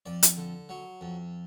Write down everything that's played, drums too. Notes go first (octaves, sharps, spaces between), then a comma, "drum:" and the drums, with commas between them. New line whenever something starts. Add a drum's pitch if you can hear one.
F2 D5
drum: hi-hat
D3
F#3
F2